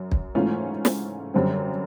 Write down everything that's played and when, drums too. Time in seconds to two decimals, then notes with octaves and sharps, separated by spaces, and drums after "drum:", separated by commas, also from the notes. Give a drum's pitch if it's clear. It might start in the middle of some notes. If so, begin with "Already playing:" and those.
Already playing: F#2
0.12 drum: kick
0.35 G#2 E3 A3 C#4 F4
0.85 drum: snare
1.34 F#2 D3 G3 C4